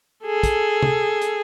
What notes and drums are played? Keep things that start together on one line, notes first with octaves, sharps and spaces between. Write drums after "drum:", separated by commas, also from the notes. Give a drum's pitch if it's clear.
G#4 A4
drum: kick, hi-hat
drum: tom
drum: hi-hat